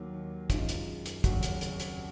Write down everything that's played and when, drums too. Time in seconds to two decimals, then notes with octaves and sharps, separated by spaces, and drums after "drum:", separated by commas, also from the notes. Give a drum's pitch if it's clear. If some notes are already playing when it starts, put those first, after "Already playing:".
Already playing: D#2 D#3 F#3 A#3
0.50 F#2 D#3 G#3 F4, drum: kick, hi-hat
0.69 drum: hi-hat
1.06 drum: hi-hat
1.24 F1 D#2 C#3 F#3 F#4, drum: kick, hi-hat
1.43 drum: hi-hat
1.61 drum: hi-hat
1.80 drum: hi-hat